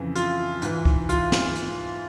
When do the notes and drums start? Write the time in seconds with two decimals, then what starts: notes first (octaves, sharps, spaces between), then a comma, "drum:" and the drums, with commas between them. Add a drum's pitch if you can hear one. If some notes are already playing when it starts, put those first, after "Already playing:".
Already playing: F2 C#3 E3
0.15 F4, drum: hi-hat
0.62 G#2 E3, drum: hi-hat
0.85 drum: kick
1.09 F4, drum: hi-hat
1.32 drum: snare
1.55 drum: hi-hat